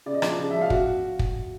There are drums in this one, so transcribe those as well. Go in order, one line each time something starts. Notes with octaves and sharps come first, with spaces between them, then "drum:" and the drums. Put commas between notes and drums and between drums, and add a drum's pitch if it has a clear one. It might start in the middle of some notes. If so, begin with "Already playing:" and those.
C#3 D5
D#5
F3 D4 D5, drum: rim click
C#3
F3 E5
F5
F#4, drum: kick
drum: kick